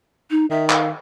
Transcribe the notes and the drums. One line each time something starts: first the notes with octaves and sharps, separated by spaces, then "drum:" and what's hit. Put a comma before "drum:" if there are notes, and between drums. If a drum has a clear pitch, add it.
D#4
D#3 E5
F5, drum: clap